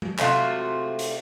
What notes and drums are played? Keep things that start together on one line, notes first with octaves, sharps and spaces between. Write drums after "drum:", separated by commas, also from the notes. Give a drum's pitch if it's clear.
drum: tom G#3
C3 A3 F4 F#4, drum: clap
drum: hi-hat